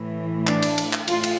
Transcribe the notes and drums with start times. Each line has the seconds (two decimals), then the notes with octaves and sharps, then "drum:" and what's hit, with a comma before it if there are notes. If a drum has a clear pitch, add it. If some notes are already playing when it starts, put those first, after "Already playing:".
Already playing: A2 E3
0.47 D4, drum: clap
0.62 drum: cymbal
0.78 drum: cymbal
0.93 drum: clap
1.08 A2 F4, drum: cymbal
1.23 drum: cymbal